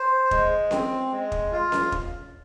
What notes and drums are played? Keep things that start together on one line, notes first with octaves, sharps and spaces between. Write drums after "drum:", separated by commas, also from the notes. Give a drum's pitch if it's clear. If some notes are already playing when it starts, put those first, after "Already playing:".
Already playing: C5
G#3, drum: kick
C4, drum: snare C#4
G#3
drum: kick
F4
drum: snare C#4
drum: kick